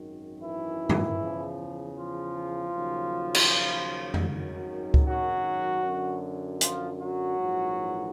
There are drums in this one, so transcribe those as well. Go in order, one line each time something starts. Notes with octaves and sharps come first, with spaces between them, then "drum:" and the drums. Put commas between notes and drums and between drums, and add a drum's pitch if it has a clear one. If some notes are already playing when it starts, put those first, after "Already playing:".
Already playing: G#1 F#2 D#3
E3 E4
drum: tom G2
E2 C#3 F3
F3 F4
D#2 C#3 F#3
drum: cymbal
drum: tom F2
G#1 F#2 D#3 F#3
drum: kick C#2
F#3 F#4
F#2 D3 F#3
F3 F4, drum: hi-hat
F#3 F#4
A#1 G#2 E3